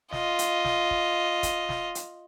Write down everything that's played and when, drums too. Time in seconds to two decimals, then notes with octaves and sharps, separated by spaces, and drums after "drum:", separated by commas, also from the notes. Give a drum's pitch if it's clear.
0.13 F4 D#5, drum: snare
0.39 drum: hi-hat
0.65 drum: snare
0.91 drum: kick
1.43 drum: kick, hi-hat
1.69 drum: snare
1.95 drum: hi-hat